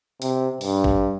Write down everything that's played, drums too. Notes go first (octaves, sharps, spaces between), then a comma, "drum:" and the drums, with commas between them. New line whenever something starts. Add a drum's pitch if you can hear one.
C3, drum: hi-hat
G2, drum: open hi-hat
drum: kick G#1